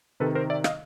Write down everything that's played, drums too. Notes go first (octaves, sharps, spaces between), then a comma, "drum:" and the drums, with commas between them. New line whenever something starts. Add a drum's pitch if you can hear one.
C3 D#3 A4 B4
A#4 C5
D5 E5
D#5 F5, drum: rim click